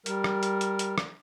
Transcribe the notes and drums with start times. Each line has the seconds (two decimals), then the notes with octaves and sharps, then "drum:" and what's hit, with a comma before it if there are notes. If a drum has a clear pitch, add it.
0.06 G3 A#4, drum: hi-hat
0.24 drum: rim click
0.43 drum: hi-hat
0.61 drum: hi-hat
0.79 drum: hi-hat
0.98 drum: rim click